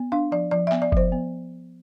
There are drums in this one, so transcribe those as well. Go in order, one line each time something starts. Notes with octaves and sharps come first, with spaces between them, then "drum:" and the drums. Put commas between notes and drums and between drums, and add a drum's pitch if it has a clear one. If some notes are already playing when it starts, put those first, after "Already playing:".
Already playing: B3
D4 F5
F3 D5
F3 D5
E5
B3, drum: clap
D5
F3 C5, drum: kick F#1
B3